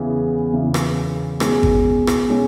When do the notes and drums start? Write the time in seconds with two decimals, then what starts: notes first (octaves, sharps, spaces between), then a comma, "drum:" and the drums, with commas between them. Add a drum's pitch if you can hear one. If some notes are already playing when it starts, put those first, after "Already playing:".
Already playing: E2 C#3 E3 B3
0.52 E2 C#3 E3 B3
0.74 drum: rim click
1.40 B2 G#3 C#4 G#4, drum: rim click
1.63 drum: kick G#1
2.07 drum: rim click
2.30 B2 G#3 C#4 G#4